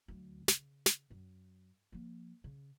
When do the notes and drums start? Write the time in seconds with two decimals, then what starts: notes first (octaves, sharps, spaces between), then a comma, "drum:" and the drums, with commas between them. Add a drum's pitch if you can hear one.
0.08 D2 F#3
0.48 C#3, drum: snare
0.86 drum: snare
1.10 F#2
1.92 F3 A#3
2.44 C#3